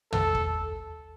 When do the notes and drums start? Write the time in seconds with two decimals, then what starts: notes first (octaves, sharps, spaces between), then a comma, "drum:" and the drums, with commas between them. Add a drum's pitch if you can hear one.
0.12 A4, drum: tom
0.35 drum: kick